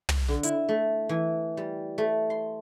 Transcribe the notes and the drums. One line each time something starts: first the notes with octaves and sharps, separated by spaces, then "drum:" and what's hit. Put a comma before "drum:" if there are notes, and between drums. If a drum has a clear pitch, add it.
drum: tom
D3
E4, drum: hi-hat
A3
E3
G3
A3
C6